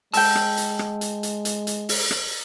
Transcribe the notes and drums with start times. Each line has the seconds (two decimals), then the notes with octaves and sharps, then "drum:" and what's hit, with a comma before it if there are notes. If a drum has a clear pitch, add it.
0.14 G#3 G5 A5 E6, drum: open hi-hat
0.35 drum: rim click
0.57 drum: hi-hat
0.79 drum: rim click
1.01 drum: hi-hat
1.23 drum: hi-hat
1.45 drum: hi-hat
1.67 drum: hi-hat
1.89 drum: open hi-hat
2.11 drum: rim click